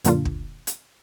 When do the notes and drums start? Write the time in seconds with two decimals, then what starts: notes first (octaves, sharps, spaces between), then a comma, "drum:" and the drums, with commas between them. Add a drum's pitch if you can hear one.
0.04 F#2 A#2 D3 A#3 D4 F4, drum: hi-hat
0.25 drum: kick
0.67 drum: hi-hat